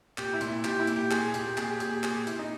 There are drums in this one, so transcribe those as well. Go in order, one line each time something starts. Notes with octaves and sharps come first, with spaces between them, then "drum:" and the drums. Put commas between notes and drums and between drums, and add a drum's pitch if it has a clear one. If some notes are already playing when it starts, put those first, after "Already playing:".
A#2 G4, drum: clap
E4
A#2, drum: hi-hat
E4
A#2 G4, drum: clap
E4
A#2, drum: hi-hat
G4
A#2 G#4, drum: clap
A#2 G4, drum: hi-hat
A#2 G#4, drum: clap
G4
A#2 G#4, drum: hi-hat
G4
A#2 G#4, drum: clap
G4
A#2 E4, drum: hi-hat
D#4